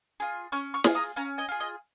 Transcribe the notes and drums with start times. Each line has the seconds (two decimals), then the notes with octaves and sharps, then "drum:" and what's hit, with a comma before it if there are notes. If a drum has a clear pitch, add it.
0.20 F4 G#4
0.52 C#4 C#6 F6
0.74 C#6 F6
0.84 F4 G#4, drum: snare
0.95 A#5 D#6
1.16 C#4 F5 A#5
1.38 D#5 G#5
1.49 F4 G#4
1.60 D#5 G#5